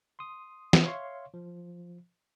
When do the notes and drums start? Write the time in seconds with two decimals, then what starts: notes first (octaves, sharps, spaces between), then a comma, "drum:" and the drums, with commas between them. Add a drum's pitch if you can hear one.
0.19 C6 D#6
0.73 drum: snare
0.85 C#5 E5 F5 C6 C#6
1.34 F3